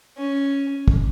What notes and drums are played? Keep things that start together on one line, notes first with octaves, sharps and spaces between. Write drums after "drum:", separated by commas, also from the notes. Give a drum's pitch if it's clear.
C#4
drum: kick